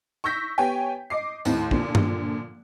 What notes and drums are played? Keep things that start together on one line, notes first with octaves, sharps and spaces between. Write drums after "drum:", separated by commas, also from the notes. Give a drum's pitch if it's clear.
C#6 E6 G6 A#6 B6
B3 G4 C#5 G5 G#5
D#5 D6 C7
D#2 A2 C4, drum: tambourine
A#2 D3 F3, drum: kick
drum: tom G2